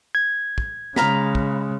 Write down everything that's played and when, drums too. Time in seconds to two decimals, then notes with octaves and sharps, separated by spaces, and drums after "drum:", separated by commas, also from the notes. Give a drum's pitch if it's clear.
0.15 G#6
0.58 drum: kick
0.96 C#3 G#3 F5 A#5 B5, drum: snare
1.35 drum: kick